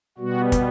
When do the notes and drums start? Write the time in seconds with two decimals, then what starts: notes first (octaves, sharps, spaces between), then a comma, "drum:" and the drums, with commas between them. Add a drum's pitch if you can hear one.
0.18 B2 G3 B3 F#4
0.52 drum: kick, hi-hat